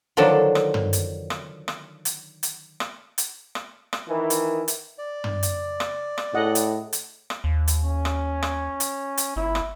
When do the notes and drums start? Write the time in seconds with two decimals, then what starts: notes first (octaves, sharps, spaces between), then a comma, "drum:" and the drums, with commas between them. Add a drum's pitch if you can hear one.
0.17 D3 D#3 F3 F#3 D4 A4
0.55 drum: rim click
0.74 drum: tom
0.93 drum: hi-hat
1.30 drum: rim click
1.68 drum: rim click
2.05 drum: hi-hat
2.43 drum: hi-hat
2.80 drum: rim click
3.18 drum: hi-hat
3.55 drum: rim click
3.93 drum: rim click
4.09 D#3 E3
4.30 drum: hi-hat
4.68 drum: hi-hat
4.98 D5
5.24 drum: tom
5.43 drum: hi-hat
5.80 drum: rim click
6.18 drum: rim click
6.34 A2 G#4 D#5 F#5
6.55 drum: hi-hat
6.93 drum: hi-hat
7.30 drum: rim click
7.44 D#2
7.68 drum: hi-hat
7.84 C#4
8.05 drum: rim click
8.43 drum: rim click
8.80 drum: hi-hat
9.17 drum: hi-hat
9.36 G1 E4
9.55 drum: rim click